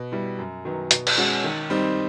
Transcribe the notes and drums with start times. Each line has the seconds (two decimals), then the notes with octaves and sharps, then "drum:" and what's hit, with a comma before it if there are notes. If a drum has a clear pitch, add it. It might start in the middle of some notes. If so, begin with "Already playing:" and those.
Already playing: B2
0.12 G3 B3 E4
0.38 F#2
0.65 D#3 F#3 B3
0.91 B2, drum: hi-hat
1.07 drum: cymbal
1.17 G#3 C#4 F#4
1.44 D#3
1.70 G3 C4 D#4